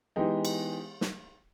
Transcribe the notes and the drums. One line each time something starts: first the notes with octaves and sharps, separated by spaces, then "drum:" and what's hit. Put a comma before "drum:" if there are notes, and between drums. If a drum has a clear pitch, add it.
E3 G#3 B3 D#4 G4
drum: cymbal
drum: snare